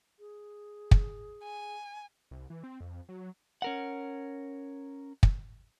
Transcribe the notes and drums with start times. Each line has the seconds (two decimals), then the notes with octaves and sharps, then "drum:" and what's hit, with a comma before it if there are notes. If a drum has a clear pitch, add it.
0.19 G#4
0.91 drum: kick
1.43 G#5
2.31 C2
2.50 E3
2.64 C4
2.81 F2
3.09 F#3
3.62 C#4 A#4 F#5
5.23 drum: kick